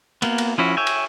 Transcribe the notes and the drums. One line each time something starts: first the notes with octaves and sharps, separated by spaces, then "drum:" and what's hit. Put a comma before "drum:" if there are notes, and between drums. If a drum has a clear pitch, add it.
A#3 B3, drum: cymbal
drum: cymbal
F3 C#4 E4 F#4
C#5 E5 G5 G#5
drum: cymbal